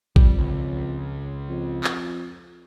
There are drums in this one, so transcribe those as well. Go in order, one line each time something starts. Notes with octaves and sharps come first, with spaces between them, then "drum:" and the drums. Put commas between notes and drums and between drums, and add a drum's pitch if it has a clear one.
F2 G3, drum: kick A1
C#2
F2
drum: clap